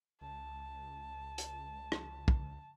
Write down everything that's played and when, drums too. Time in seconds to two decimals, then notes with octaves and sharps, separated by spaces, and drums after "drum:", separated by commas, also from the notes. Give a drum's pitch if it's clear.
0.21 C#2 A5
1.38 drum: hi-hat
1.92 drum: rim click
2.28 drum: kick